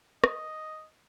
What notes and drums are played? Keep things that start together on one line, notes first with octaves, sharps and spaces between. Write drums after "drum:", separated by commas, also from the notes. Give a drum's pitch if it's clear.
D#5, drum: rim click